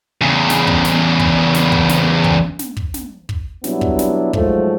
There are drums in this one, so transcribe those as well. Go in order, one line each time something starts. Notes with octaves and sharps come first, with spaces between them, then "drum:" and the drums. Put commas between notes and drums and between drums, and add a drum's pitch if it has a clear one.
E2 C#3
drum: snare
drum: kick
drum: snare
drum: kick
drum: snare
drum: kick
drum: snare
drum: kick
drum: snare
drum: kick
drum: snare
drum: kick
B2 F#3 G3 B3 D4 E4, drum: snare
drum: kick
drum: snare
G#2 F3 F#3 G#3 A3, drum: kick